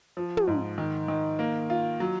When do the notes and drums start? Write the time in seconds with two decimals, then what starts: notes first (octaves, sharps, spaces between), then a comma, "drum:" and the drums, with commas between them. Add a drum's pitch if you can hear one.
0.17 F3
0.37 drum: tom
0.47 G#2
0.78 D#3
1.08 D#3
1.39 A#3
1.70 F4
2.00 F#3